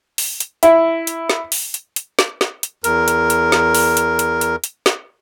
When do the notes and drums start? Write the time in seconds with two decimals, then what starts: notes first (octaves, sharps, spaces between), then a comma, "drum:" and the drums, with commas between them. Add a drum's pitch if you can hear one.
0.18 drum: open hi-hat
0.40 drum: hi-hat
0.63 E4, drum: hi-hat
1.07 drum: hi-hat
1.30 drum: snare
1.52 drum: open hi-hat
1.74 drum: hi-hat
1.96 drum: hi-hat
2.19 drum: snare
2.41 drum: snare
2.63 drum: hi-hat
2.84 E2 A#4, drum: hi-hat
3.08 drum: hi-hat
3.30 drum: hi-hat
3.52 drum: snare
3.75 drum: open hi-hat
3.97 drum: hi-hat
4.19 drum: hi-hat
4.41 drum: hi-hat
4.64 drum: hi-hat
4.86 drum: snare